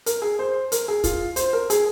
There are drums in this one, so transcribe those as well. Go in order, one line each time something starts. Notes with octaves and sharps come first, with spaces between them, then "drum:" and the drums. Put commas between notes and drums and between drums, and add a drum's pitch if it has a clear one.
A#4, drum: hi-hat
G#4
C5
A#4, drum: hi-hat
G#4
F4, drum: kick, hi-hat
C5, drum: hi-hat
A#4
G#4, drum: hi-hat